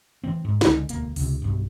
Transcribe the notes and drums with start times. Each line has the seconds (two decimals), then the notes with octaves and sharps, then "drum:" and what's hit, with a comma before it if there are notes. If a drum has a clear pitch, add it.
0.24 E3 A3 C4
0.45 G#2
0.61 C#2 D3 G#3, drum: snare
0.89 E1 D2 A#3, drum: hi-hat
1.16 C#2 C3, drum: open hi-hat
1.42 B1 G2